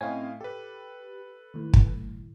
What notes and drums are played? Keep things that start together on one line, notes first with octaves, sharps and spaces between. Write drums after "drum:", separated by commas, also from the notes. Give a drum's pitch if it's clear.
A2 C4 C#4 D#5 F5 G#5
G4 A4 B4
D#2 A2
drum: kick